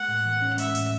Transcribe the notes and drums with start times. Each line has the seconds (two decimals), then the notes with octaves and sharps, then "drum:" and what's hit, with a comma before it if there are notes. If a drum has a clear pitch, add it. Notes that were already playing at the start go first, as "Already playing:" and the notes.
Already playing: G#3 F#5
0.09 A2
0.25 E3
0.42 C#4
0.58 G#3 E5, drum: hi-hat
0.75 A2, drum: hi-hat